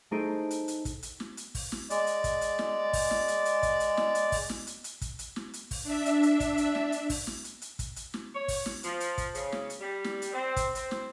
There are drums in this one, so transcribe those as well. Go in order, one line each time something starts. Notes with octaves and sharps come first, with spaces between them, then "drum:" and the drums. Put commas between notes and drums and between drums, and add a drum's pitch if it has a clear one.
A3 D#4 G#4 C5 D7
drum: hi-hat
drum: hi-hat
drum: kick, hi-hat
drum: hi-hat
drum: snare
drum: hi-hat
drum: kick, open hi-hat
drum: snare
G#3 D5, drum: hi-hat
drum: hi-hat
drum: kick, hi-hat
drum: hi-hat
drum: snare
drum: kick, open hi-hat
drum: snare
drum: hi-hat
drum: hi-hat
drum: kick, hi-hat
drum: hi-hat
drum: snare
drum: hi-hat
drum: kick, open hi-hat
drum: snare
drum: hi-hat
drum: hi-hat
drum: kick, hi-hat
drum: hi-hat
drum: snare
drum: hi-hat
drum: kick, open hi-hat
D4 E5
drum: hi-hat
drum: hi-hat
drum: kick, hi-hat
drum: hi-hat
drum: snare
drum: hi-hat
drum: kick, open hi-hat
drum: snare
drum: hi-hat
drum: hi-hat
drum: kick, hi-hat
drum: hi-hat
drum: snare
C#5
drum: kick, open hi-hat
drum: snare
F3, drum: hi-hat
drum: hi-hat
drum: kick, hi-hat
C#3, drum: hi-hat
drum: snare
drum: hi-hat
G3
drum: snare
drum: hi-hat
C4
drum: kick, hi-hat
C4, drum: hi-hat
drum: snare